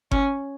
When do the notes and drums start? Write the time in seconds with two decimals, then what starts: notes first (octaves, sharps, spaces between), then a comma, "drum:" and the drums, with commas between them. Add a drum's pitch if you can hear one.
0.11 C#4, drum: kick G1